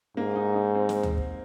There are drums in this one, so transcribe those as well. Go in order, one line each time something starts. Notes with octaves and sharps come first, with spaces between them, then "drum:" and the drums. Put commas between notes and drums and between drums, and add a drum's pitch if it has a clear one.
G#2 A#3
D#4
D#4
C4
drum: snare
drum: tom D2
drum: kick